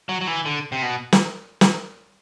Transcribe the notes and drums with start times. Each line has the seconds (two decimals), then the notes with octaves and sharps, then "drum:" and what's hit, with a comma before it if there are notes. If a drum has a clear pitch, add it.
0.09 F#3
0.21 F#3
0.27 E3
0.45 D3
0.72 C3
0.82 B2
1.12 drum: snare
1.61 drum: snare